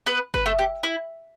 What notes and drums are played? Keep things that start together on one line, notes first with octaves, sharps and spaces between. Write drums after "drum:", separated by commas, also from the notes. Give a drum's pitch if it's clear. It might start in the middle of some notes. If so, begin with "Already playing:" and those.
B3 B4
B4, drum: kick
A3 A4
G4
E4